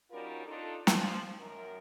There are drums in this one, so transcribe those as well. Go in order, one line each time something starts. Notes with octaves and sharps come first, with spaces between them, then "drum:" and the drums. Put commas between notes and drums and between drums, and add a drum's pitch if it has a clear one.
G3 C#4 D#4 F4 F#4 A#4
D4 D#4 F4 A4
F3, drum: snare
F#2 D#3 A#4